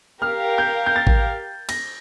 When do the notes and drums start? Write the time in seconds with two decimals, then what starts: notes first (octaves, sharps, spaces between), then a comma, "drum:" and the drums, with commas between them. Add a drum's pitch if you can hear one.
0.22 G4 A#4 F5 F6
0.58 G6
0.86 G6
0.96 A6
1.07 drum: kick A1
1.69 A#6, drum: cymbal